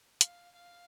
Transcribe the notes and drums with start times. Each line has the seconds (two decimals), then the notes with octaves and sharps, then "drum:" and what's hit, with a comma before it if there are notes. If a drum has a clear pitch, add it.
0.21 F5, drum: hi-hat
0.55 F5